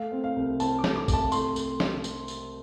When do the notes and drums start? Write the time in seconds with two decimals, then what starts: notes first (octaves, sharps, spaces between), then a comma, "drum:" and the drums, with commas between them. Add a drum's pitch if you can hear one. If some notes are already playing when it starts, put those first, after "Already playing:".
Already playing: A3 F5
0.12 C4
0.24 F5
0.36 C2
0.60 C4 A5, drum: tambourine
0.79 D6
0.84 A3, drum: snare
0.96 D6
1.08 C2, drum: kick G#1, tambourine
1.13 A5
1.32 A3 C6, drum: tambourine
1.56 drum: tambourine
1.80 drum: snare
2.04 drum: tambourine
2.28 drum: tambourine